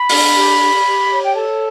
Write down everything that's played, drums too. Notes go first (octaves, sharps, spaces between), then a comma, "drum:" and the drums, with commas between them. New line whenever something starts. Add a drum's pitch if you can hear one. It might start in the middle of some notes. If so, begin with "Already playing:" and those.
Already playing: B5
D4, drum: open hi-hat
G4
G4
G4
C#5
G5
A4 A5